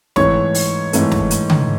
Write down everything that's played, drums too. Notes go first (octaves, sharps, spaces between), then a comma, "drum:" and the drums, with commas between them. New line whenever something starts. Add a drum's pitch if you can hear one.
G#2 E3 A3 C#5 C#6, drum: snare
drum: open hi-hat
G#2 E3 A3, drum: hi-hat
drum: snare
drum: hi-hat
drum: tom C#3